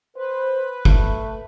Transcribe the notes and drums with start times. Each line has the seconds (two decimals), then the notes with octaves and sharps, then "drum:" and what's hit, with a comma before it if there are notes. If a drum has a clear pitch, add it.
0.17 B4 C5
0.85 A3, drum: kick